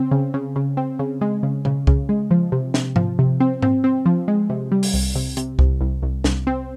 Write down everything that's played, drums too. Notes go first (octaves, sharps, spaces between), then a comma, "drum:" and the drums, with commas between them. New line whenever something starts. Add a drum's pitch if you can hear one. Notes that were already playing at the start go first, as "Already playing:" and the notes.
Already playing: C#3 C4
C#3
C#3
C#3
C4
C#3
G#3
C#3
C#3, drum: tom A#2
C#3, drum: kick C2
G#3
F3
C3
C3, drum: snare
F3, drum: tom G#2
C3
C4
C4, drum: tom G#2
C4
F3
G#3
C3
G3
drum: open hi-hat
C2
C3
C3, drum: hi-hat
C2, drum: kick C2
C2
C2
C2, drum: snare
C4